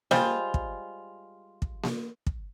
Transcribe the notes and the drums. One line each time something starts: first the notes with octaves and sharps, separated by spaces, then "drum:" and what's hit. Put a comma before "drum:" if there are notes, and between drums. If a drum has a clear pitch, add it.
G3 G#3 F4 C5, drum: snare A#3
drum: kick
drum: kick
drum: snare A#3
drum: kick